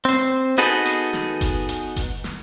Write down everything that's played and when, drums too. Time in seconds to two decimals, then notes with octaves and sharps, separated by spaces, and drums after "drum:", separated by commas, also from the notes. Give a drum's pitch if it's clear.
0.05 C4 C5
0.58 B3 D#4 F#4 G#4 A4 B4, drum: hi-hat
0.85 drum: hi-hat
1.13 drum: snare
1.41 drum: kick F#1, hi-hat
1.69 drum: hi-hat
1.96 drum: kick F#1, hi-hat
2.24 drum: snare